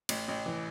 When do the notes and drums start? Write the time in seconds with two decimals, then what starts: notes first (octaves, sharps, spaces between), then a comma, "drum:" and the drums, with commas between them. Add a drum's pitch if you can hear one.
0.09 A1, drum: cymbal
0.28 A1
0.46 E3